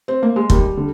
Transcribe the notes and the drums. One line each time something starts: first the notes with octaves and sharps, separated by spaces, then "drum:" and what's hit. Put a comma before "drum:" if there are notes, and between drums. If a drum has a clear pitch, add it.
C4
A#3
G#3
D#2 G3, drum: kick
D3